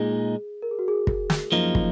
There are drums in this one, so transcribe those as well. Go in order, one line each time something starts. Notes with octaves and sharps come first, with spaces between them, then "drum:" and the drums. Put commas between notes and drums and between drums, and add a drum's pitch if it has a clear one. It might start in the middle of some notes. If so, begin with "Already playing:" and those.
Already playing: A#2 G#3 D#4 G#4
A#4
G#4
F#4
G#4
drum: kick
drum: snare
F#2 F3 A#3 D#4
drum: kick